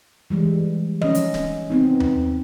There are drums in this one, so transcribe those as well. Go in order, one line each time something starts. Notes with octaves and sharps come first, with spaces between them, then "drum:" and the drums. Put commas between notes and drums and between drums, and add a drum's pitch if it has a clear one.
E3 G3 G#3
C#4 D#5, drum: tom F3
drum: hi-hat
drum: snare D1
B3 C4 D#4
drum: tom D#2